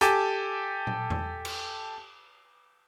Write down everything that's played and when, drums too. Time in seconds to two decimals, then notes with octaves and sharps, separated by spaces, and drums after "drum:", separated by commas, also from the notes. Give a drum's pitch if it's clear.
0.01 G4 A4 G#5 A5 D6, drum: hi-hat
0.87 drum: tom A#2
1.10 drum: tom E2
1.45 drum: cymbal